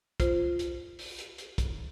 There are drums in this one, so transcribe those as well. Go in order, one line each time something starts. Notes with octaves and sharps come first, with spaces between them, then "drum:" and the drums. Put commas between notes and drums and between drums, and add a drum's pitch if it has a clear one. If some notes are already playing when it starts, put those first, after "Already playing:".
F4 C5, drum: kick, hi-hat
drum: hi-hat
drum: open hi-hat
drum: hi-hat
drum: hi-hat
drum: kick, hi-hat